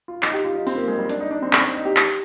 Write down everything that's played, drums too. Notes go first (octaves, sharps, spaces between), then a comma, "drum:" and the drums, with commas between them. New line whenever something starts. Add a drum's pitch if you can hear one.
F4
D#4, drum: clap
G4
F4
D#4
C4, drum: open hi-hat
A#3
G#3
G3
D4, drum: hi-hat
D#4
D4
C4
C4, drum: clap
D4
D#4
G4
drum: clap